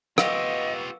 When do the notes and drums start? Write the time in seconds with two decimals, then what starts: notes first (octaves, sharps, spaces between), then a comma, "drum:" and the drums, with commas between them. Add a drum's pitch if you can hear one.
0.18 B3 F4 G4 D#5 F5 C#6 E6, drum: rim click